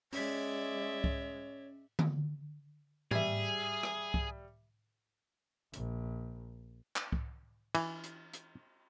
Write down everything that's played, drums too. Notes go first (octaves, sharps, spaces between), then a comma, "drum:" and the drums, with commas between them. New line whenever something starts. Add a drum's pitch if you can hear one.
G#3 C#4 C#5 D5 E5 B6, drum: open hi-hat
drum: kick C2
drum: tom D3
G3 G#4 E5, drum: tom G#2
drum: rim click
drum: kick C2
A#1, drum: hi-hat
drum: clap
drum: kick C2
E3, drum: cymbal
drum: hi-hat
drum: hi-hat